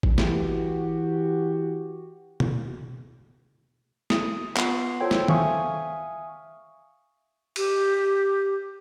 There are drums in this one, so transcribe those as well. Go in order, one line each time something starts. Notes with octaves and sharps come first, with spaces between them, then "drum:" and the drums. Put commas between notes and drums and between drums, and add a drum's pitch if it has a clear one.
drum: kick A1
E3 F#4 G4, drum: snare
drum: tom
D#6, drum: snare
B3 F4 C7, drum: clap
F4 A4 C5 C#5 G5
drum: snare
E5 F5 G#5 C#6 D#6, drum: tom D#3
G4, drum: cymbal